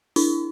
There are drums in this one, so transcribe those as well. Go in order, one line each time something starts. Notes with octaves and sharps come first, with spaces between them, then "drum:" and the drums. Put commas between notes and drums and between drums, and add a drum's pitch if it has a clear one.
D4 E4, drum: open hi-hat